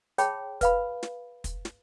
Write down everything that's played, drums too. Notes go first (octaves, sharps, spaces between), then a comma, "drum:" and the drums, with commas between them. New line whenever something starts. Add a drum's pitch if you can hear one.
G#4 C#5 G5 A5 B5, drum: hi-hat
B4 F5 B5, drum: kick, hi-hat
drum: snare
drum: kick, hi-hat
drum: snare